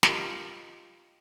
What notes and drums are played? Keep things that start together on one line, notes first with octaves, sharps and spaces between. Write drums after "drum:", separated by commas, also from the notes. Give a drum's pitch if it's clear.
F4 G4 A#4 D#5, drum: snare